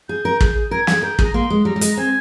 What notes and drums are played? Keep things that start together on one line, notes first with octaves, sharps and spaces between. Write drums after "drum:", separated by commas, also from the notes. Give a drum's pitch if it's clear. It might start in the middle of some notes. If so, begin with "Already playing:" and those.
G#4 G6
A#4
G#4, drum: kick
A#4 G#6
G4, drum: snare
G#4
A#4 G6
G#4 A#5, drum: kick
A#3 C6
G#3
G3 A#5
G3
G#3, drum: hi-hat
C4 G#5